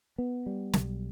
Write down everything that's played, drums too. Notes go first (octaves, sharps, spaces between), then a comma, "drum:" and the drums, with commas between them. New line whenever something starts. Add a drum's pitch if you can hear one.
B3
G3
B1, drum: snare